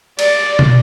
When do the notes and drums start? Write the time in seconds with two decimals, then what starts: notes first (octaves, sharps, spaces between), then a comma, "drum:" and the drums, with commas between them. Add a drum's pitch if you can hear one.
0.19 D5, drum: cymbal
0.59 drum: tom